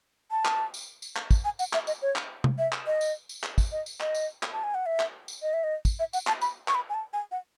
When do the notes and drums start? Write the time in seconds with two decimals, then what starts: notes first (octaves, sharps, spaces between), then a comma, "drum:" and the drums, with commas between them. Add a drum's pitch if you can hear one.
0.31 A5
0.45 drum: clap
0.74 drum: tambourine
1.02 drum: tambourine
1.16 drum: clap
1.31 drum: kick, tambourine
1.45 G#5
1.59 F#5, drum: tambourine
1.73 E5, drum: clap
1.87 D#5, drum: tambourine
2.02 C#5
2.16 drum: clap
2.44 drum: tom C3
2.58 E5
2.73 drum: clap
2.86 D#5
3.01 drum: tambourine
3.29 drum: tambourine
3.44 drum: clap
3.58 drum: kick, tambourine
3.72 D#5
3.86 drum: tambourine
4.00 D#5, drum: clap
4.15 drum: tambourine
4.43 drum: clap
4.53 A5
4.64 G#5
4.74 F#5
4.86 E5
5.00 drum: clap
5.28 drum: tambourine
5.42 D#5
5.53 E5
5.64 D#5
5.85 drum: kick, tambourine
5.99 E5
6.13 F#5, drum: tambourine
6.27 A5, drum: clap
6.42 B5, drum: tambourine
6.68 C#6, drum: clap
6.75 B5
6.89 G#5
6.94 A5
7.13 G#5
7.32 F#5